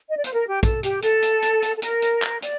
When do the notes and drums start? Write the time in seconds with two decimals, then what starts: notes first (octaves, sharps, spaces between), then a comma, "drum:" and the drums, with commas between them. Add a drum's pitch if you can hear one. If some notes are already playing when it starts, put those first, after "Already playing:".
0.08 D#5
0.16 D5
0.24 C5, drum: hi-hat
0.33 A#4
0.48 G4
0.63 A4, drum: kick, hi-hat
0.83 G4, drum: hi-hat
1.02 A4, drum: hi-hat
1.22 drum: hi-hat
1.42 drum: hi-hat
1.62 drum: hi-hat
1.76 A4
1.82 A#4, drum: hi-hat
2.02 drum: hi-hat
2.22 drum: clap
2.42 D5, drum: hi-hat